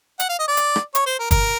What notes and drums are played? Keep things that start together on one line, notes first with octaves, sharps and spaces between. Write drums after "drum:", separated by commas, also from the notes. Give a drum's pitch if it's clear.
F#5, drum: hi-hat
F5
D#5
D5
drum: hi-hat
drum: rim click
C#5, drum: hi-hat
C5
A#4
A#4, drum: kick, hi-hat